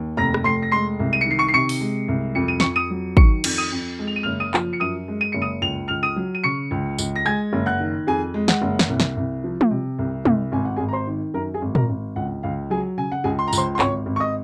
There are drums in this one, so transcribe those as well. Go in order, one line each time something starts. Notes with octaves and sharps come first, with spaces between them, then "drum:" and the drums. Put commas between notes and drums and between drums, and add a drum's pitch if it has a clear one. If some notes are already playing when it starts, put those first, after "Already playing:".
Already playing: D#2
F1 A#5 A#6
drum: rim click
F1 C6 C7
A#6
G#3 C6 C7
C2
D#7
C#7
D#3 C7
C#6 C#7
C7
C3 C#6 C#7
drum: open hi-hat
G#3
C2
F2 C#7
D#7
C#6 C#7, drum: snare
F2
D#6 D#7
F#3
D#3 C#6 C#7, drum: kick
F2, drum: cymbal
D#6 D#7
F2
G#3
F7
D#7
F#1 F6 F7
D#6 D#7
F3, drum: clap
C#7
F#2 D#6 D#7
G#3
D#7
F#1 C#7
D#6 D#7
C#2 F7
C#2 F6 F7
D#6 D#7
F#3
D#7
C#3 C#6 C#7
C#2
C#2, drum: tambourine
A#6
G#3 G#5 G#6
F#1
F#5 F#6
D#3
F2 G#4 G#5
G#3
F#5, drum: snare
F#1
drum: snare
C2
drum: snare
C2
F3
drum: tom
C3
C2
C2, drum: tom
G#1 G#5
F#5
G#1 G#4 G#5
A#5
C5 C6
D#3
F#2 A#4 A#5
G#4 G#5
G#1
A#4 A#5, drum: tom
G#1
C#2 F#5
C#2 F5
F#3 G#4 G#5
C#3 G#5
F#5
C#2 G#4 G#5
C6
A#5
C#2, drum: tambourine
C5 C6
C6
G#1 C#5 C#6, drum: clap
G#1
C#6
D#5 D#6